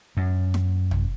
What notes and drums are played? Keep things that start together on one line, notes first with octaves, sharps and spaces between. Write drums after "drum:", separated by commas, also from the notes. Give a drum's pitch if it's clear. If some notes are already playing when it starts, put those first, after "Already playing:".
F#2
drum: snare
drum: tom